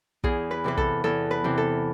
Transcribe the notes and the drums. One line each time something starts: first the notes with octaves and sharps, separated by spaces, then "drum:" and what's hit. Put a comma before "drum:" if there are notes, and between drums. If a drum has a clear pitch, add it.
E2 G#4, drum: kick
B4
C3 E3 B4
A4, drum: kick
E2 A4
B4
C3 E3
A4